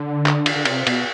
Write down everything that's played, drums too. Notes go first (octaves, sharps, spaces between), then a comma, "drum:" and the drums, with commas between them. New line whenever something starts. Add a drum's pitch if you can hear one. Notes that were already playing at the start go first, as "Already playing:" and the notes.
Already playing: D3
drum: clap
drum: cymbal
D3
C3, drum: cymbal
B2, drum: cymbal